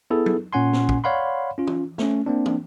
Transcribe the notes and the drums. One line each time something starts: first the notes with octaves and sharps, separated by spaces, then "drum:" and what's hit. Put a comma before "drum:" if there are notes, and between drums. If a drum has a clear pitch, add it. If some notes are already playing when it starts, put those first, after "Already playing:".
B3 E4 G#4 A4
drum: tom F#3
A#2 C#4 F#5 G#5 C6
drum: snare
drum: kick
C#5 D5 F5 F#5 B5 C6
C#4 F4
drum: tom
A3 C#4, drum: snare
A#3 C4 D4
drum: tom